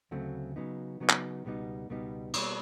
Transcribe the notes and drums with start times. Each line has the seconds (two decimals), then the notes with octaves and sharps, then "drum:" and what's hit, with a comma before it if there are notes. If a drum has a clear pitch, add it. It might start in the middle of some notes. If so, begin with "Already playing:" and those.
0.11 D2 C#3 F#3 A3 C4
0.56 C#3 F#3 B3 D#4
1.00 C#3 F#3 B3 D#4
1.10 drum: clap
1.45 C#2 B2 G3 B3 D#4
1.90 C#2 B2 G3 B3 D#4
2.34 B2 G3 A#3, drum: cymbal